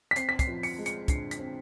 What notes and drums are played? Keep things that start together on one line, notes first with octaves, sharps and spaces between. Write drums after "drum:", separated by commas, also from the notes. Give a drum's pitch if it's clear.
B6
C4 C7, drum: hi-hat
B6
C7, drum: kick, hi-hat
F3
C#7, drum: open hi-hat
G#3
C#7, drum: hi-hat
D3 C7, drum: kick, hi-hat
B6, drum: hi-hat
C4